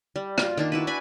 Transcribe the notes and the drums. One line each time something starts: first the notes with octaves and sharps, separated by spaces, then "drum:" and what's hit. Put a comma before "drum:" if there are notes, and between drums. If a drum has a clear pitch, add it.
G3
F4, drum: rim click
D#3 A#3 D4 F4
E4 F#4 B4
B4 D5 G#5 B5